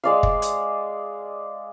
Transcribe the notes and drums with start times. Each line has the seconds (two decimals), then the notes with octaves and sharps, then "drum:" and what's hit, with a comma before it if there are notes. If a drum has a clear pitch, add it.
0.04 G#3 D5 F5
0.23 drum: kick
0.42 drum: hi-hat